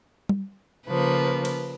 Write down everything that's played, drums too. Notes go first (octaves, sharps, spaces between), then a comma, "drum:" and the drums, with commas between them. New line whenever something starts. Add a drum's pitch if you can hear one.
drum: tom G3
C#3 F3 A#3 B4
drum: cymbal